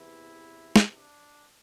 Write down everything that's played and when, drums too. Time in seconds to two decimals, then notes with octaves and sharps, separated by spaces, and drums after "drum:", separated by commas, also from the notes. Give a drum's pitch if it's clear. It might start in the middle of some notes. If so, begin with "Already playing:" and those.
Already playing: E2 C3 E3 E4
0.76 drum: snare
0.93 D4